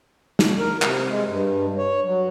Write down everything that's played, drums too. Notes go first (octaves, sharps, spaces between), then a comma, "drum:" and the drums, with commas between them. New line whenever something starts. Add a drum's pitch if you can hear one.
drum: snare
A#4
C3, drum: clap
G#3
G2
C#5
F#3